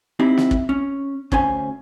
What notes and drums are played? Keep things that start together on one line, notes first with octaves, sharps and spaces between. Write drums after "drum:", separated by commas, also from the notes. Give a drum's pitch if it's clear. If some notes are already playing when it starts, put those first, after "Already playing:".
C4 D#4 E4 G4
drum: snare
drum: kick
C#4
D2 C#4 C5 G#5, drum: kick